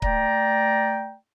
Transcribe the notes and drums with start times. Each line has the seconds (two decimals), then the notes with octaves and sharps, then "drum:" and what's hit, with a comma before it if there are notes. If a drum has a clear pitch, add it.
0.02 A3 D5 G5 A#5, drum: kick C#1